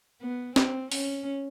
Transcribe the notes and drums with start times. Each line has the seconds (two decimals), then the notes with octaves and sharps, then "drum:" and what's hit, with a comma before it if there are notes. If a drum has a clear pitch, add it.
0.21 B3
0.56 C4, drum: snare
0.92 C#4, drum: open hi-hat